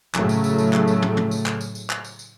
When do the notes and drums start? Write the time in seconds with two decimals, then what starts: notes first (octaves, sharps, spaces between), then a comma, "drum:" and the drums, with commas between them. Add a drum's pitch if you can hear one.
0.15 A2 C#3 F#3 A3, drum: clap
0.29 drum: tambourine
0.44 drum: tambourine
0.58 drum: tambourine
0.73 drum: clap
0.88 drum: tambourine
1.02 drum: tom
1.17 drum: tom
1.31 drum: tambourine
1.46 drum: clap
1.61 drum: tambourine
1.75 drum: tambourine
1.90 drum: clap
2.04 drum: tambourine
2.19 drum: tambourine